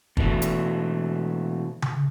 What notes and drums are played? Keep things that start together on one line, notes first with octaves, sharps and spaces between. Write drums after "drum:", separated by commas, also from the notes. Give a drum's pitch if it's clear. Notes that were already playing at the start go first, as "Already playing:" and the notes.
B2 E3 A3, drum: kick
drum: hi-hat
drum: tom C#3